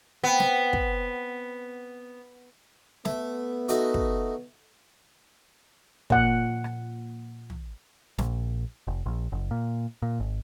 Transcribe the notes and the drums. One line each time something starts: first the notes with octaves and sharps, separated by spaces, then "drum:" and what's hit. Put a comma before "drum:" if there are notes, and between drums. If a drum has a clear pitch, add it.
B3 C4
drum: snare
drum: kick
A3 B3, drum: snare
A3 D#4 F#4, drum: hi-hat
drum: kick
A#2 F#5, drum: kick
drum: rim click
drum: tom
A#1, drum: snare
F1
A#1
F#1
A#2
A#2
G#1